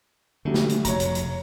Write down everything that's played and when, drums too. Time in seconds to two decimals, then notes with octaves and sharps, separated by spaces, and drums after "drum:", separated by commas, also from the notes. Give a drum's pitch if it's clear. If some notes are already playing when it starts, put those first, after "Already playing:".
0.45 D3 F#3 G3 A3
0.54 drum: snare
0.69 drum: hi-hat
0.85 F1 C#5 A#5, drum: hi-hat
1.00 drum: hi-hat
1.15 drum: hi-hat